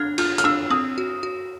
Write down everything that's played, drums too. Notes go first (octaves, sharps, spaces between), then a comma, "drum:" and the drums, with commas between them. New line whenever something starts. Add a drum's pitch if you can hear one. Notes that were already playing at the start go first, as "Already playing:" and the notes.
Already playing: D4 F6 G#6
F4 F6, drum: cymbal
F6, drum: hi-hat
D4 E6
C4 D#6
F#4
F#4